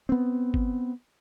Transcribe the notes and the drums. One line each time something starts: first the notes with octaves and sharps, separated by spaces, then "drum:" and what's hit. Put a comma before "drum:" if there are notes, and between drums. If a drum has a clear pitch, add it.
B3 C4
drum: kick